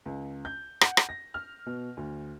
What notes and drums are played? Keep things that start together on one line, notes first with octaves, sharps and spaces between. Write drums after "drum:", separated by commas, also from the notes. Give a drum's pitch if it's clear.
C#2
G6
F#5, drum: rim click
drum: rim click
A#6
F6
B2
D2